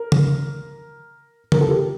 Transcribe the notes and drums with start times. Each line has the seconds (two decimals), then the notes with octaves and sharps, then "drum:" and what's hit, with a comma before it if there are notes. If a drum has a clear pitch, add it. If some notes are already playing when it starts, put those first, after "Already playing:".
Already playing: A#4
0.12 drum: tom C#3
1.52 A#4, drum: tom C#3
1.61 A4
1.69 G4